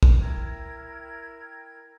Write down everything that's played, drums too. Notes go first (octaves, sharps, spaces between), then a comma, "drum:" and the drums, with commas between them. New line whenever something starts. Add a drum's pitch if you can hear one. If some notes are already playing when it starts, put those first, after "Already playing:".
drum: kick
E4 A#4 G5 G#6